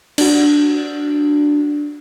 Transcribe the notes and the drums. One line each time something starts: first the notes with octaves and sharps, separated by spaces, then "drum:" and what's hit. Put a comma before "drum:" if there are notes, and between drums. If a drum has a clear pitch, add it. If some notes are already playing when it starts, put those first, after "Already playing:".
D4 F#4, drum: cymbal